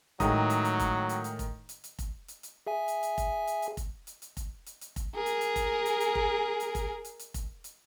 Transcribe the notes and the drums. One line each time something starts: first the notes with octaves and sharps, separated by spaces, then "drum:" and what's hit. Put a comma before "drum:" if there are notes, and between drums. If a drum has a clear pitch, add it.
A2 D#3 F#3 G#3 G5 A#5 D#6, drum: kick F1, hi-hat
drum: hi-hat
drum: hi-hat
drum: kick F1, hi-hat
drum: hi-hat
drum: hi-hat
drum: kick F1, hi-hat
drum: hi-hat
drum: hi-hat
drum: kick F1, hi-hat
drum: hi-hat
drum: hi-hat
G#4 E5 G#5
drum: hi-hat
drum: hi-hat
drum: kick F1, hi-hat
drum: hi-hat
drum: hi-hat
drum: kick F1, hi-hat
drum: hi-hat
drum: hi-hat
drum: kick F1, hi-hat
drum: hi-hat
drum: hi-hat
drum: kick F1, hi-hat
G#4 A#4
drum: hi-hat
drum: hi-hat
drum: kick F1, hi-hat
drum: hi-hat
drum: hi-hat
drum: kick F1
drum: hi-hat
drum: kick F1, hi-hat
drum: hi-hat
drum: hi-hat
drum: kick F1, hi-hat
drum: hi-hat